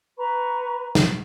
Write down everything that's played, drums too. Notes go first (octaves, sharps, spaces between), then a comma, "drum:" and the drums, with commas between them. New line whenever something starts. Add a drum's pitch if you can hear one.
B4 A#5 B5 C#6
drum: snare